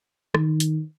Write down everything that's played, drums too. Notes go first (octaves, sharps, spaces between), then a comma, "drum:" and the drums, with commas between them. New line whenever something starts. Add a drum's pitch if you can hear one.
D#3, drum: rim click
drum: hi-hat